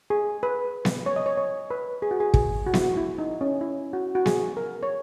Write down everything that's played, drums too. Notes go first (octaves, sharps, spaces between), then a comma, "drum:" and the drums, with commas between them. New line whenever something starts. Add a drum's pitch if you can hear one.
G#4
B4
drum: snare B3
C#5
D#5
C#5
C#5
B4
G#4
F#4
G#4
G#4, drum: kick
F#4
E4, drum: snare B3
F#4
E4
D#4
C#4
E4
F#4
F#4
G#4, drum: snare B3
A#4
C#5